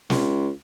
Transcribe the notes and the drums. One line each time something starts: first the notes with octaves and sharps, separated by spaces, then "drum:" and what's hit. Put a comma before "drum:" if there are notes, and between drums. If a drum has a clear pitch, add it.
C#2, drum: snare